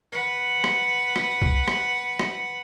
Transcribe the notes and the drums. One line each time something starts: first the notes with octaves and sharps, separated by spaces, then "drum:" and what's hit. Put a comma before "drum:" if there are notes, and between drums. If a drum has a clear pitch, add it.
B4 F#5
drum: rim click
drum: rim click
drum: kick B1
drum: rim click
drum: rim click